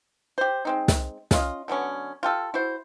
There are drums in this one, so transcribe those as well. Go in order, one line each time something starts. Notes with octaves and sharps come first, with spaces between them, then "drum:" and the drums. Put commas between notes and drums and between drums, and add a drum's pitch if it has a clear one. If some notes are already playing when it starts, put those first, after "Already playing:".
G4 C5
G#3 C4 D#4
drum: snare
C#4 F4 D#5, drum: snare
D3 F#3 B3 C#4
F4 G4 A4
E4 F#4 C5